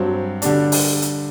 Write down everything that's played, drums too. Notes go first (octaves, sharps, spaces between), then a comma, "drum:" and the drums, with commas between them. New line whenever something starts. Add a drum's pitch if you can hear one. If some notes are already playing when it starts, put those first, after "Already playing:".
Already playing: G2 F#3 C4
D3 G3 D4, drum: hi-hat
drum: open hi-hat
drum: hi-hat